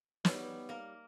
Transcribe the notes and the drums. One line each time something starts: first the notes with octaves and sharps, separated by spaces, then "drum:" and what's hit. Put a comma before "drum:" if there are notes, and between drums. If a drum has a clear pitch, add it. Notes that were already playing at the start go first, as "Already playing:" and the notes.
G3 B3 D#4 C#5, drum: snare
A#3 A#4